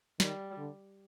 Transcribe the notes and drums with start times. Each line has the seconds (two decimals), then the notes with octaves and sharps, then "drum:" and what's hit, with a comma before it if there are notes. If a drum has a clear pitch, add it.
0.20 D#3 G3, drum: snare
0.58 D3